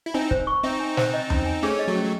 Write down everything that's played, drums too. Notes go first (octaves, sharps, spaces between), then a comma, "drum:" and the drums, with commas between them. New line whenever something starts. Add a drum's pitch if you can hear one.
E4
C4 D#4 G#5
C5, drum: kick
C#6
C4 D#4 E5
G#5
C5, drum: snare
D#5
C#4, drum: tom E2
G#5
A3 C#4 G#4
D#5
F#3 A3
C#4
F#3